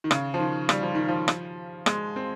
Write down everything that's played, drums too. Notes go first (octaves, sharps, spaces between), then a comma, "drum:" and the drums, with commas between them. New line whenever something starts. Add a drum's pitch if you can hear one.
D#3
C#3, drum: rim click
F3
D#3
G3, drum: rim click
F3
D#3
F3
drum: rim click
G#3, drum: rim click
C4